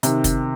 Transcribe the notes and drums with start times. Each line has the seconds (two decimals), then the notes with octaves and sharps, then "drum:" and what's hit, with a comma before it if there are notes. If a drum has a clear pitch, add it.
0.03 C3 D#3, drum: hi-hat
0.24 drum: kick, hi-hat